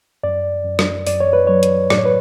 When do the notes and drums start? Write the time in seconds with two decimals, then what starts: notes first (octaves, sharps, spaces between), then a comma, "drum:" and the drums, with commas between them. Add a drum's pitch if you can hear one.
0.24 F#2 D5
0.65 F#2
0.79 drum: rim click
1.07 F#2 D5, drum: open hi-hat
1.20 C#5
1.33 B4
1.47 F#3 C#5
1.63 drum: hi-hat
1.90 A2 D5, drum: rim click
1.98 C#5
2.06 B4